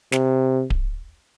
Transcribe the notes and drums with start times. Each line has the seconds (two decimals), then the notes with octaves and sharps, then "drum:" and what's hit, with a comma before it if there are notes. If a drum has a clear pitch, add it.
0.12 C3, drum: snare
0.70 drum: kick D1